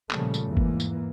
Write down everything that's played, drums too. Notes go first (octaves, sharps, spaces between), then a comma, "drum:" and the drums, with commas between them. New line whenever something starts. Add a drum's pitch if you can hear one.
A#2 C#3 F3 G3 A3, drum: clap
drum: tambourine
E2 G#2 E3 A#3
drum: kick G1
drum: tambourine